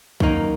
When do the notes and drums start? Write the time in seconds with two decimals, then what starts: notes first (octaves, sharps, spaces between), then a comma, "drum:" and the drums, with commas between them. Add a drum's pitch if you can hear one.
0.20 F#2 D#3 A#3 D#4, drum: kick C2